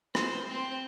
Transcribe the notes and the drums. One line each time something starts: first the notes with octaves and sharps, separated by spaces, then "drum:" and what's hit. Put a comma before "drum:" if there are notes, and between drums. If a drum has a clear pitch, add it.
C5, drum: rim click
C4